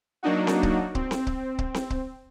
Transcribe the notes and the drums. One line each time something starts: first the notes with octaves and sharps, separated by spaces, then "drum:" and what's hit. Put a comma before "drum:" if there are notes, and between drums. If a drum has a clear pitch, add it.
F#3 A#3 D4 D#4 F#4
drum: snare C4
drum: kick C#1
C4, drum: kick C#1
drum: snare C4
drum: kick C#1
drum: kick C#1
drum: snare C4
drum: kick C#1